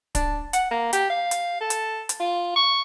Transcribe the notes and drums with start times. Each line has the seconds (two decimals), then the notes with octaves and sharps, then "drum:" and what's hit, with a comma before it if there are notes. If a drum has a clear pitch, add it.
0.15 D4, drum: kick D1, hi-hat
0.53 F#5, drum: hi-hat
0.71 A#3
0.93 G4, drum: hi-hat
1.10 F5
1.31 drum: hi-hat
1.61 A4
1.70 drum: hi-hat
2.09 drum: hi-hat
2.19 F4
2.56 C#6